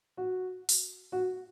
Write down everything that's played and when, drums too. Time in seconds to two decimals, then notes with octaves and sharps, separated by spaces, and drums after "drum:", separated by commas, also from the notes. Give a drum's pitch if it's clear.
0.17 F#4
0.69 drum: open hi-hat
1.12 F#4